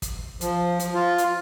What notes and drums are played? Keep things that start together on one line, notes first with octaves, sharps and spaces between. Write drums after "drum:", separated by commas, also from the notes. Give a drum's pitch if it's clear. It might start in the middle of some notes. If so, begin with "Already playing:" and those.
drum: kick, hi-hat
F3, drum: hi-hat
drum: hi-hat
F4
drum: hi-hat